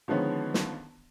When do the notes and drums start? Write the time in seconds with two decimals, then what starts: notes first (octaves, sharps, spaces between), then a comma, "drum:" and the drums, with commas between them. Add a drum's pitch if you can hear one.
0.08 D3 D#3 F3 G#3 B3 C#4
0.54 drum: snare